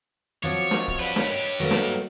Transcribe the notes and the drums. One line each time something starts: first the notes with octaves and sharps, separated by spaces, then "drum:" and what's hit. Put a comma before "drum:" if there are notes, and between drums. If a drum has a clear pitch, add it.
F3 F#3 C4 C#5 D6
drum: snare
drum: kick
G4 B4 D5 F5 F#5
C#5, drum: snare
G2 G4
F#3 G3 A#3 A4 B4
drum: snare